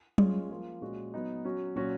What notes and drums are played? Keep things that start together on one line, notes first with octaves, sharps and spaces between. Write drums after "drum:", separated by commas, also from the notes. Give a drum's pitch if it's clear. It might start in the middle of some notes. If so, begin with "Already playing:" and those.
G#3 C#4 F4 G#4, drum: tom F#3
F3 A#3 F4 G#4
A#2 G#3 C#4 F#4
F#3 B3 D#4
F#3 C#4 F#4
A#2 F#3 C#4 F#4